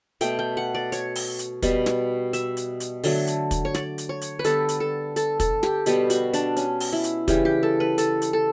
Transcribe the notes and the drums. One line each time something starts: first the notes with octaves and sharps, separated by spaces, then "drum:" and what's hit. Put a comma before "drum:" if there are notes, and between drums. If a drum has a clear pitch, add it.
B2 A3 G5, drum: hi-hat
G5
F#5
D5
C#5, drum: hi-hat
drum: open hi-hat
drum: hi-hat
B2 G3 B3, drum: kick, hi-hat
drum: snare
E5, drum: hi-hat
drum: hi-hat
drum: hi-hat
D3 F#3 A3, drum: open hi-hat
drum: hi-hat
drum: kick, hi-hat
C#5
D5, drum: snare
drum: hi-hat
C#5
drum: hi-hat
B4
D3 G3 B3 A4, drum: hi-hat
drum: hi-hat
A4
A4, drum: hi-hat
A4, drum: kick, hi-hat
G4, drum: snare
B2 G3 B3 G4, drum: hi-hat
F#4, drum: hi-hat
D4, drum: hi-hat
C#4, drum: hi-hat
drum: open hi-hat
E4
drum: hi-hat
C#3 E3 G3 G4, drum: kick, hi-hat
G4
A4
B4
A4, drum: hi-hat
drum: hi-hat
A4